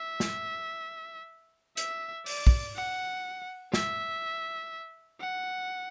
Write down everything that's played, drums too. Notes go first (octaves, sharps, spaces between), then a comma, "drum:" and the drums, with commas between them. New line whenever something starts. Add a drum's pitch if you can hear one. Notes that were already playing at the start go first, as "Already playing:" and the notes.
Already playing: E5
drum: snare
E5, drum: hi-hat
D5, drum: open hi-hat
drum: kick
F#5
E5, drum: snare
F#5